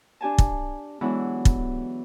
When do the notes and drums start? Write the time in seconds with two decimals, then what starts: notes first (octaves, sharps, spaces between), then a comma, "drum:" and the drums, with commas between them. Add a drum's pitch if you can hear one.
0.21 D4 G4 G#5 A5
0.38 drum: kick
1.01 E3 F#3 G#3 B3 D4 E4
1.45 drum: kick